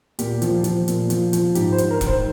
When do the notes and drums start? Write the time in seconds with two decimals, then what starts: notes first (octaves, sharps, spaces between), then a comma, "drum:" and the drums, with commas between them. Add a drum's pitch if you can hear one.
0.19 A#2 G4, drum: hi-hat
0.42 F3, drum: hi-hat
0.64 F3, drum: hi-hat
0.88 A#2, drum: hi-hat
1.10 F3, drum: hi-hat
1.33 F3, drum: hi-hat
1.55 G#2 G4, drum: hi-hat
1.72 C5
1.78 G#2, drum: hi-hat
1.91 A#4
2.01 D#3, drum: kick E1, hi-hat
2.07 C5